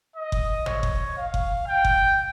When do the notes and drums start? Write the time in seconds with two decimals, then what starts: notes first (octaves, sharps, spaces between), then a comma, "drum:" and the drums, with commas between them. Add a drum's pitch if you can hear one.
0.16 D#5
0.32 drum: kick F#1
0.66 C#5, drum: tom
0.83 drum: kick F#1
1.17 F5
1.34 drum: kick F#1
1.67 G5
1.85 drum: kick F#1